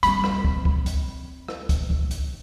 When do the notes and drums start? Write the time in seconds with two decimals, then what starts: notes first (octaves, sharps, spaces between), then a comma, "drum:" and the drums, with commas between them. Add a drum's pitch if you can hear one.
0.03 G3 C4 B5, drum: hi-hat
0.24 drum: rim click
0.45 drum: kick
0.65 drum: kick
0.86 drum: hi-hat
1.48 drum: rim click
1.69 drum: kick, hi-hat
1.90 drum: kick
2.11 drum: hi-hat